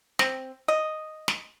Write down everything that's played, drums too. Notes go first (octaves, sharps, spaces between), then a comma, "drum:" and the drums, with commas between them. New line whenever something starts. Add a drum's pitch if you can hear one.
C4, drum: snare
D#5
drum: snare